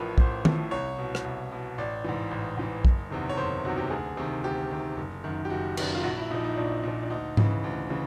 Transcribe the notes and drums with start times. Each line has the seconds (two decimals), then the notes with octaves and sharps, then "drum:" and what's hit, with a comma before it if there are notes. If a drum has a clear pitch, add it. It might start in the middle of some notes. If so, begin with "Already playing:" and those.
Already playing: A1 A2 F3 A#4 B4
0.18 A1 C5, drum: kick
0.45 A2 F3, drum: tom D#3
0.71 C2 C#5
0.99 B2
1.15 drum: rim click
1.24 C2
1.52 B2
1.78 A1 D5
2.04 G#2 E3
2.31 A1
2.57 G#2 E3
2.85 F#1, drum: kick
3.10 E2 C3 D#3
3.29 C#5
3.37 F#1 C5
3.65 E2 C3 D#3 F#4
3.78 G4
3.90 D2 G#4
4.17 C3 D#3
4.44 D2 G4
4.71 C3 D#3
4.97 F#1
5.24 F#2 D#3
5.45 G4
5.50 F#1 F#4
5.77 F#2 D#3, drum: cymbal
5.95 F4
6.04 A#1 F#4
6.18 E4
6.31 A#2 F3 D#4
6.44 D#4
6.57 A#1 D4
6.83 A#2 F3
7.03 D4
7.10 D2 D#4
7.37 C#3 E3, drum: tom G#2
7.64 D2
7.90 C#3 E3